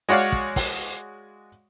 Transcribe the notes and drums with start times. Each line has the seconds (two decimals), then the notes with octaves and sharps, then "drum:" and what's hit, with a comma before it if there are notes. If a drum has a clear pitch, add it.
0.09 G#3 F#4 C#5 D5 F5
0.32 drum: kick
0.56 drum: kick, open hi-hat